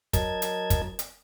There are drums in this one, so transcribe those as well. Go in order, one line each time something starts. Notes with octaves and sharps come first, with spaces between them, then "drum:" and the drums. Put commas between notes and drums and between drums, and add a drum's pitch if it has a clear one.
F#3 A#4 D#5 A5 G#6, drum: kick, hi-hat
drum: hi-hat
drum: kick, hi-hat
drum: hi-hat